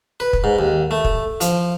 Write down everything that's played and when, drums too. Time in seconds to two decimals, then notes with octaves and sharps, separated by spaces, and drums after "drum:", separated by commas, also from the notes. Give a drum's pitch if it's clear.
0.20 B4
0.33 drum: kick
0.44 G#2
0.59 D#2
0.91 A3
1.04 drum: kick
1.41 F3, drum: hi-hat